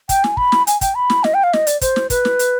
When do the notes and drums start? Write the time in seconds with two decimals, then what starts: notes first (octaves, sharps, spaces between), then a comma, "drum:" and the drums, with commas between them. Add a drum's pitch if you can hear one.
0.09 G5, drum: kick, hi-hat
0.24 G#5, drum: snare
0.37 B5, drum: kick
0.52 drum: snare
0.67 G#5, drum: hi-hat
0.81 G5, drum: kick, hi-hat
0.95 B5
1.10 drum: snare
1.24 D#5, drum: snare
1.34 G5
1.44 F5
1.53 D#5, drum: snare
1.67 D5, drum: hi-hat
1.81 C5, drum: kick, hi-hat
1.96 drum: snare
2.10 B4, drum: kick, hi-hat
2.25 drum: snare
2.39 drum: hi-hat